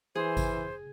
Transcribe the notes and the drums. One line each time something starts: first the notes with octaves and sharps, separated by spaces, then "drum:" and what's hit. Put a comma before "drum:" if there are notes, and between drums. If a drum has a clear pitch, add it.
E3 G#4 C5
drum: kick G#1, tambourine